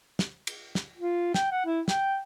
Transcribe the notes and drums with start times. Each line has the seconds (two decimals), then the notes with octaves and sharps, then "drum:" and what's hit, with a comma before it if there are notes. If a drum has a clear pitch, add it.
0.19 drum: snare
0.47 drum: cymbal
0.75 drum: snare
0.97 F4
1.34 G5, drum: snare
1.51 F#5
1.65 E4
1.88 G5, drum: snare